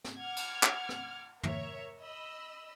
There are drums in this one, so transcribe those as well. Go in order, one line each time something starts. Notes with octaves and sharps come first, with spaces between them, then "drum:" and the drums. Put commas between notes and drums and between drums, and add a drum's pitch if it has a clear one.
drum: snare
F#5 D6 F6 G#6
drum: cymbal
drum: clap
drum: rim click
A#4 C#5 E5, drum: tom
D#5 B5 E6